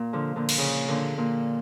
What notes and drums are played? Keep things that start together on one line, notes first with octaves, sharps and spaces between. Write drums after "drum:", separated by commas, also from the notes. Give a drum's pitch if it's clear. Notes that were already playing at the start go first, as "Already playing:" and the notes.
Already playing: A#2
D3 F3
A#2 D3
drum: cymbal
C#3
A#2 D3
A#2